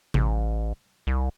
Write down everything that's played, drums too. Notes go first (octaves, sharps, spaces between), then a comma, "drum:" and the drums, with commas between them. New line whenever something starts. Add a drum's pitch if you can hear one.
A1, drum: tom C3
C2